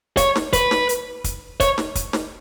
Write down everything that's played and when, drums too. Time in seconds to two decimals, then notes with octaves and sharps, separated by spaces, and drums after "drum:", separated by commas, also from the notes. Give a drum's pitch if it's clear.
0.17 C#5, drum: kick, hi-hat
0.36 drum: snare
0.53 B4, drum: kick, hi-hat
0.71 drum: snare
0.89 drum: hi-hat
1.24 drum: kick, hi-hat
1.60 C#5, drum: kick, hi-hat
1.78 drum: snare
1.95 drum: kick, hi-hat
2.13 drum: snare